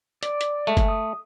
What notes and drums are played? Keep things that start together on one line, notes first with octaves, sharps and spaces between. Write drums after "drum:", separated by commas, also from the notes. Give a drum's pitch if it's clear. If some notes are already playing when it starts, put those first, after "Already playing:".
D5, drum: hi-hat
drum: hi-hat
G#3 A3
drum: kick, hi-hat
D#6